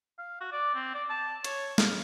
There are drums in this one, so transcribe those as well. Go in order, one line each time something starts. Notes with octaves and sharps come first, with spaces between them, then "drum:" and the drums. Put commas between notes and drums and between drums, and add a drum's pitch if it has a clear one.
F5
F#4
D5
C4
D5
A5
C#5, drum: hi-hat
F5, drum: snare